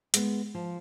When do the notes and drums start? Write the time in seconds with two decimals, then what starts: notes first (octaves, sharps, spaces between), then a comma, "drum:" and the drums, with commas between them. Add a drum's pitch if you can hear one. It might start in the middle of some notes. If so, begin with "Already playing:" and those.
0.14 G#3 B3, drum: hi-hat
0.54 F3